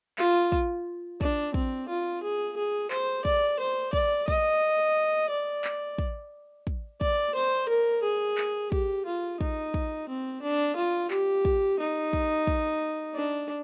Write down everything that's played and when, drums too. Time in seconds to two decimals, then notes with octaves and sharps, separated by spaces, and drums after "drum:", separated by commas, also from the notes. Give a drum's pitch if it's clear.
0.18 F4, drum: clap
0.52 drum: kick
1.21 D4, drum: kick
1.54 C4, drum: kick
1.89 F4
2.23 G#4
2.57 G#4
2.91 C5, drum: clap
3.25 D5, drum: kick
3.59 C5
3.93 D5, drum: kick
4.28 D#5, drum: kick
5.30 D5
5.64 drum: clap
5.98 drum: kick
6.67 drum: kick
7.01 D5, drum: kick
7.35 C5
7.69 A#4
8.03 G#4
8.38 drum: clap
8.72 G4, drum: kick
9.06 F4
9.41 D#4, drum: kick
9.74 drum: kick
10.09 C4
10.42 D4
10.76 F4
11.10 G4, drum: clap
11.45 drum: kick
11.79 D#4
12.13 drum: kick
12.47 drum: kick
13.15 D4